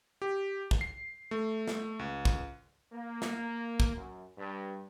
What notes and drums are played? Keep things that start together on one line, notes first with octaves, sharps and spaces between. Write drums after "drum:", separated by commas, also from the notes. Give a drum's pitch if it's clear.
G4
drum: kick
C7
A3
drum: snare
C#2
drum: kick
A#3
drum: snare
drum: kick
F#2
G2